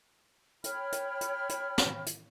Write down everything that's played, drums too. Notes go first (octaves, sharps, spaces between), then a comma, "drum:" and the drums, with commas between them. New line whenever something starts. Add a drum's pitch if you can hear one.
C#5 G5 B5 F6, drum: hi-hat
drum: hi-hat
drum: hi-hat
drum: hi-hat
drum: snare
drum: hi-hat